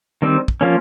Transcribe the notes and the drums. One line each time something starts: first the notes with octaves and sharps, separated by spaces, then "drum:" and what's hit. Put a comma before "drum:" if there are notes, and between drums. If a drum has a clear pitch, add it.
D#3 G3 C4
drum: kick
F3 A#3 C#4